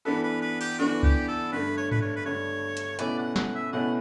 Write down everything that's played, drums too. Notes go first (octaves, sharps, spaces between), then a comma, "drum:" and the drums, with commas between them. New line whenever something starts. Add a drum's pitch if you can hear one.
E3 B3 D4 A4 B4
B4
B4
G4, drum: cymbal
E3 B3 D4 F#4 A4
G4, drum: kick C#2
A4
G2 D3 A3 B4
C#5
B4, drum: tom G#2
C#5
B4
G2 D3 A3 C#5
drum: hi-hat
B2 A3 C#4 E4 B4 D5, drum: hi-hat
F#5
F#5, drum: snare
E5
B2 A3 C#4 E4 B4 F#5